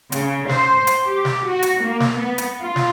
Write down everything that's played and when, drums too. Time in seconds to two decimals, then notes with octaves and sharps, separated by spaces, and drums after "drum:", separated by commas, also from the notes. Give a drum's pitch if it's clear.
0.12 C#3, drum: hi-hat
0.49 C5, drum: snare
0.87 drum: hi-hat
1.05 G4
1.25 drum: snare
1.48 F#4
1.63 drum: hi-hat
1.83 A#3
2.00 drum: snare
2.19 B3
2.38 drum: hi-hat
2.61 F4
2.76 drum: snare